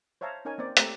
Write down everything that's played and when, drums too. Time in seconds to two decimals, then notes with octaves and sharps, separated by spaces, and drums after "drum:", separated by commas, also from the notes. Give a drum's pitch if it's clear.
0.21 C5 C#5 E5 F5 A5 A#5
0.45 C#4 D#4 A#4 C#5 G#5
0.58 A#3 C4 C5 D5
0.77 A3 A#3 C4 G4 A#5, drum: hi-hat